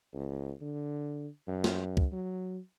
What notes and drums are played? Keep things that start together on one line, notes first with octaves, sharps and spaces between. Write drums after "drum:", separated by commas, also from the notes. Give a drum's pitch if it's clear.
C#2
D3
F#2
drum: snare
drum: kick C#2
F#3